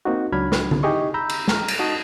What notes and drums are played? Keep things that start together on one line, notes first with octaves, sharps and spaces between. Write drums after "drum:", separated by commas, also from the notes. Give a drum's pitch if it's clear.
A#3 C4 D#4 F#4
C#2 F#3 D4 B5 F6 G#6
drum: snare
drum: tom D3
D#4 E4 G4 G#4 D#5 C#6
A#5 B5 E6 G6
drum: cymbal
G#4 A#5 F6, drum: snare
drum: cymbal
D#4 F#4 D#5 A5 D#6